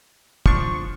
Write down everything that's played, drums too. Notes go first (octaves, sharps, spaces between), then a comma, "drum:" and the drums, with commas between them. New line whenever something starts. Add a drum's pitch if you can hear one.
F3 D4 C#6, drum: kick